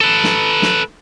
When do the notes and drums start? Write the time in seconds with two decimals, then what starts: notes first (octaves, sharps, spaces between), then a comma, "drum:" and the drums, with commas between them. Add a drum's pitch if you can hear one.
0.01 A4 B4
0.24 drum: snare
0.62 drum: snare